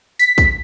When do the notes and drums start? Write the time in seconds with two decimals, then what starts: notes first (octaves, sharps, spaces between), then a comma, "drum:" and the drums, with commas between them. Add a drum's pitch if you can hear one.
0.19 B6, drum: tambourine
0.38 drum: kick, tambourine